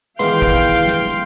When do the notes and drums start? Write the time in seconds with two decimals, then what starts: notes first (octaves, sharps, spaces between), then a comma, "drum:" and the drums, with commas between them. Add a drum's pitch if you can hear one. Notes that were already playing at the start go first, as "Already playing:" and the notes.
0.20 D#3 E3 G#3 B3 F5 G5 C6, drum: hi-hat
0.42 drum: kick
0.65 drum: hi-hat
0.87 drum: snare
1.10 drum: hi-hat